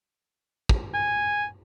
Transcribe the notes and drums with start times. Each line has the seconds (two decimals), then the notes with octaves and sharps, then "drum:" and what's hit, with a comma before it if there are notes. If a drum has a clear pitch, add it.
0.69 drum: kick
0.94 G#5